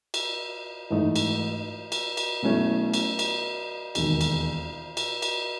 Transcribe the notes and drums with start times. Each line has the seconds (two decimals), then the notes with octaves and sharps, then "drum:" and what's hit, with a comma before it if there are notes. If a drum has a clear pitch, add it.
0.14 drum: cymbal
0.90 G#2 E3 A3 D#4
1.16 drum: cymbal
1.92 drum: cymbal
2.17 drum: cymbal
2.42 B2 F#3 A3 C#4 E4
2.94 drum: cymbal
3.19 drum: cymbal
3.95 E1 D#2 D#3, drum: cymbal
4.21 drum: cymbal
4.97 drum: cymbal
5.22 drum: cymbal